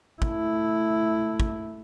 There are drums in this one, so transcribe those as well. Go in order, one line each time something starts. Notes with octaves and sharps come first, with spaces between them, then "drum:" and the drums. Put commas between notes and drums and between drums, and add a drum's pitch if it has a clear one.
A3 E4, drum: kick
drum: kick